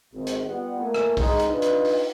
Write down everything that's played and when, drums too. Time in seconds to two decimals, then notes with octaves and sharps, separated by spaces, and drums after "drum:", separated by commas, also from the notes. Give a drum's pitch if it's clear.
0.13 G#1
0.27 drum: hi-hat
0.46 G3 B3 F4 F#5
0.80 A3 A#3 G#5
0.94 drum: rim click
1.17 G#3 D#4, drum: kick, open hi-hat
1.40 drum: hi-hat
1.49 D4 D#4 F4 B4
1.62 drum: hi-hat
1.85 drum: open hi-hat